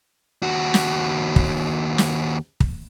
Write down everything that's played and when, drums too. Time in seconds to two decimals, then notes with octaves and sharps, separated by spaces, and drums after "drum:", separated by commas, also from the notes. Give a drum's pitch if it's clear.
0.43 D#2 F#4
0.74 drum: snare
1.36 drum: kick
1.98 drum: snare
2.60 drum: kick